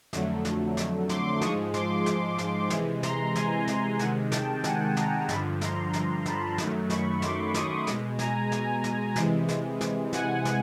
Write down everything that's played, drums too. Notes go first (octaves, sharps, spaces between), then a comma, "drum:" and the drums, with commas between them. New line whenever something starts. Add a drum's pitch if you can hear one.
F2 D3 F#3 A3, drum: snare
drum: snare
drum: snare
C6 D6, drum: snare
G#2 F3 G#3 C#6 D#6, drum: snare
C6 D6, drum: snare
drum: snare
drum: snare
C3 E3 G#3, drum: snare
A#5 C6, drum: snare
G#5 A#5, drum: snare
drum: snare
C3 D#3 G#3 F#5 G#5, drum: snare
G5 A5, drum: snare
F#5 G#5, drum: snare
G#5 A#5, drum: snare
G2 D3 F3 A5 B5, drum: snare
A#5 C6, drum: snare
drum: snare
A5 B5, drum: snare
F#2 D#3 F#3 A3, drum: snare
B5 C#6, drum: snare
C6 D6, drum: snare
C#6 D#6, drum: snare
B2 G#3, drum: snare
G#5 A#5, drum: snare
G#5 A#5, drum: snare
drum: snare
C3 E3 G#3, drum: snare
drum: snare
drum: snare
F#5 G#5, drum: snare
drum: snare